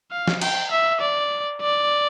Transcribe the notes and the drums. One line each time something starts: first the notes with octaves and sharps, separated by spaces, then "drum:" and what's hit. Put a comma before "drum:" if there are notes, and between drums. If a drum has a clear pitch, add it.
F5
drum: snare
G5, drum: cymbal
E5
D5
D5